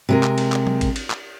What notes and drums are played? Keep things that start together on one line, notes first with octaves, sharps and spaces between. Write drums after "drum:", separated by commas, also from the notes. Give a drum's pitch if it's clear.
C3 G#3 A#4
drum: clap
drum: cymbal
drum: clap
drum: tom F#3
drum: kick, cymbal
drum: cymbal
drum: clap